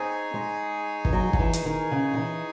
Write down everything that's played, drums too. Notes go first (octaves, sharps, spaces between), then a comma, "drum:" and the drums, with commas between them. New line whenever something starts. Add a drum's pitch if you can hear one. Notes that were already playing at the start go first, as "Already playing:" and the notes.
Already playing: C4 D#4 G#4 C#5 G#5
G#3
E3, drum: kick
F#3
F#3, drum: kick
E3
drum: hi-hat
D#3
C#3
D#3
E3